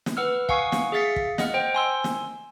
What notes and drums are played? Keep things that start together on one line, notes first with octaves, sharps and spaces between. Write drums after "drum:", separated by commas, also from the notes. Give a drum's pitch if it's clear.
drum: snare
B4 F#5 E6 F6
F5 F#5 G#5 C#6 D#6 C7, drum: kick
drum: snare
G#4 E5 F5 A6 B6 C#7
drum: kick
D#5 F#5 F6, drum: snare
C5 G5
G#5 C6 E6
drum: snare